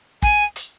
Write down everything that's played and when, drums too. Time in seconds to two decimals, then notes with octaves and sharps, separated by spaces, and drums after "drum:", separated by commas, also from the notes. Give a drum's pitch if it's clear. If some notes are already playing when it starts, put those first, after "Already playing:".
0.22 G#5, drum: kick
0.56 drum: hi-hat